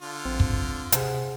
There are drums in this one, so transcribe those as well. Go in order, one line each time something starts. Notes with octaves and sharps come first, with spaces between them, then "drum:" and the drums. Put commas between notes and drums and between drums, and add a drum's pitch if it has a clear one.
D3 F4
A#1 C4
drum: kick
C3 G#4 C5 F#5, drum: hi-hat